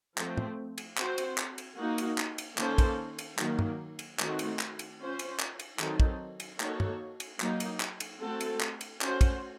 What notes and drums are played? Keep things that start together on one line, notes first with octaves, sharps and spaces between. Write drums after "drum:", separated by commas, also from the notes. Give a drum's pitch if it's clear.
F3 A3 C4, drum: clap
drum: tom
drum: cymbal
C4 F#4 C5, drum: clap
drum: cymbal
drum: clap
drum: cymbal
A#3 D#4 F#4
drum: cymbal
drum: clap
drum: cymbal
D#3 A#3 C#4 A4 C5, drum: clap
drum: kick, cymbal
drum: cymbal
D#3 F#3 A#3, drum: clap
drum: tom
drum: cymbal
D#3 A3 C4 F#4, drum: clap
drum: cymbal
drum: clap
drum: cymbal
C#4 F4 C5
drum: cymbal
drum: clap
drum: cymbal
D#3 F#3 C4 D#4 A4, drum: clap
drum: kick
drum: cymbal
A#3 D#4 F#4 A4 C#5, drum: clap
drum: tom
drum: cymbal
F#3 A#3 D#4, drum: clap
drum: cymbal
drum: clap
drum: cymbal
A3 C4 F#4 A4
drum: cymbal
drum: clap
drum: cymbal
A3 C#4 F#4 C5, drum: clap
drum: kick, cymbal